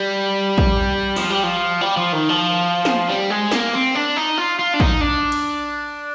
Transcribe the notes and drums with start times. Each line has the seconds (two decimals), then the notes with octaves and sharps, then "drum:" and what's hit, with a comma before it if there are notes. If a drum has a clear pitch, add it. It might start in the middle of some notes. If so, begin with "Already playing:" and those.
Already playing: G3
0.58 drum: kick
1.16 F3, drum: open hi-hat
1.30 G3
1.43 F3
1.81 G3
1.97 F3
2.13 D#3
2.29 F3
2.85 drum: snare
3.09 G3
3.30 G#3
3.51 A#3, drum: snare
3.73 C4
3.95 D4
4.17 D#4
4.38 F4
4.59 F4
4.74 D4
4.80 D#4, drum: kick
5.01 D4
5.32 drum: cymbal